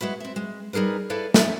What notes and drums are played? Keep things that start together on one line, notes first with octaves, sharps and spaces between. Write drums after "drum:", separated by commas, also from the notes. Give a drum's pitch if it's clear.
G#3 E4 F#4 B4
C4 E5
G#3
G3 D#4 G#4 A#4 B4
E4 A4 B4 D5 F5
E5, drum: snare